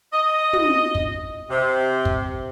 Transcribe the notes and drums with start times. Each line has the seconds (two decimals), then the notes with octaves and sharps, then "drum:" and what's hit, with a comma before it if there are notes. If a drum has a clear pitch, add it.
0.13 D#5
0.53 drum: tom
0.95 drum: kick
1.50 C3
2.05 drum: kick